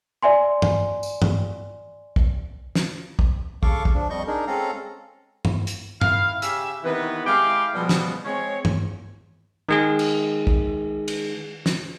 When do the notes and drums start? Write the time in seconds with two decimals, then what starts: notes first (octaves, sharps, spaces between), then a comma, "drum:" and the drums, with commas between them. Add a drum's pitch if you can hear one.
0.23 D5 E5 G#5 C6
0.62 drum: tom G2
1.03 drum: tambourine
1.22 drum: tom G2
2.16 drum: kick
2.75 drum: snare
3.19 drum: kick
3.63 C#3 A4 F5 C#6 D6, drum: kick
3.85 drum: kick
3.95 F3 D4
4.10 F2 G3 D#5 C#6 G6
4.27 D4 D#4 G#4 A#4
4.47 G#3 C4 C#4 A4 F5 A#5
5.45 drum: tom G2
5.67 drum: hi-hat
6.01 D#3 E4 F5, drum: tom G2
6.42 C#3 G4 E5, drum: hi-hat
6.84 C3 D#3 E3 B3 B4
7.27 G#3 E4 G4 F5 G5
7.75 B2 F3 G3 G#3 B3
7.89 drum: snare
8.25 G#3 C4 C#5
8.65 drum: tom G2
9.69 D#3 G#3 G#4
9.99 drum: cymbal
10.47 drum: kick
11.08 drum: cymbal
11.66 drum: snare